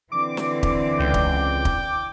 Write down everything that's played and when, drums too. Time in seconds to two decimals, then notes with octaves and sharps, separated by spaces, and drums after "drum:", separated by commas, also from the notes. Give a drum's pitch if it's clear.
0.12 D3 E3 C4 D6
0.37 drum: snare
0.63 drum: kick
1.00 C#2 G5
1.14 drum: kick
1.65 drum: kick